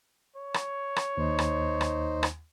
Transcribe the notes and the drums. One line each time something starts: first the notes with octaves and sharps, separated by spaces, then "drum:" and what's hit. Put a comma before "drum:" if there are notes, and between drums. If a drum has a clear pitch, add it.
C#5
drum: rim click
drum: rim click
D#2 D#4 C5
drum: rim click
drum: rim click
drum: rim click